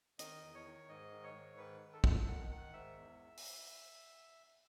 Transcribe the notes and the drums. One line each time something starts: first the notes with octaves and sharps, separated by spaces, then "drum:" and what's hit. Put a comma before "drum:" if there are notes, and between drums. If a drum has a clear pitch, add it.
D#3 D#5, drum: hi-hat
E2
C#5
D#3
G#2 D#5
D#3
C#5
G#2
D#3 B4
D#3
A4
D#3, drum: kick
D#3 F#5
D#3 F#5
G#2 E5
E2
drum: open hi-hat